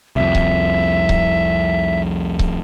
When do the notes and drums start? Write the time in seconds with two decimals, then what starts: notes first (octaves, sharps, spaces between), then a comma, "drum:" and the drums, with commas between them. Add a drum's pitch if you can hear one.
0.16 C2 F2 E5
0.35 drum: kick C#1
1.09 drum: kick C#1
2.39 drum: kick C#1